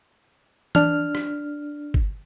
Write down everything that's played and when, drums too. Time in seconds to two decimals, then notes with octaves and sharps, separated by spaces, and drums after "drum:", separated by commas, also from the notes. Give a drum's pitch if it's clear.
0.75 D4 F6, drum: tom E3
1.15 drum: rim click
1.94 drum: kick G1